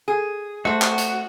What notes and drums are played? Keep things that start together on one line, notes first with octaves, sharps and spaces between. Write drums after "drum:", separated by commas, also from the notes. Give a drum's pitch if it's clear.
G#4
A3 F#4 C5
drum: clap
drum: hi-hat